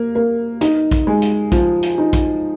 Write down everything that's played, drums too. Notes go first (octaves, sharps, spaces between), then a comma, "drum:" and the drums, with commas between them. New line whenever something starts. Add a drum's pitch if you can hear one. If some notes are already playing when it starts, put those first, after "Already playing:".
Already playing: A#3
A#3
D#4, drum: hi-hat
drum: kick A#1, hi-hat
G#3
drum: hi-hat
F3, drum: kick A#1, hi-hat
drum: hi-hat
D#4
drum: kick A#1, hi-hat